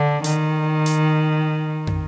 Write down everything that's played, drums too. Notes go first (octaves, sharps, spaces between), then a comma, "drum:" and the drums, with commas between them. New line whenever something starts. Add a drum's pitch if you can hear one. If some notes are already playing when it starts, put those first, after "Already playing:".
Already playing: D3
D#3, drum: hi-hat
drum: hi-hat
drum: tom